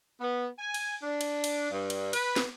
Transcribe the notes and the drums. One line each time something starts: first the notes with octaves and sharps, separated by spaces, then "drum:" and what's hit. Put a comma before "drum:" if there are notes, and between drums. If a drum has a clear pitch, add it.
B3
G#5
drum: cymbal
D4
drum: cymbal
drum: cymbal
G2
drum: cymbal
B4, drum: cymbal
drum: snare